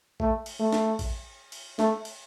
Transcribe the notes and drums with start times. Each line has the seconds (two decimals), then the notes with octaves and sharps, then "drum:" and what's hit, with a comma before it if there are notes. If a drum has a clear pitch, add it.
0.20 A3, drum: kick A1
0.46 drum: cymbal
0.59 A3
0.73 drum: snare
0.99 drum: kick A1, cymbal
1.52 drum: cymbal
1.79 A3, drum: snare
2.05 drum: cymbal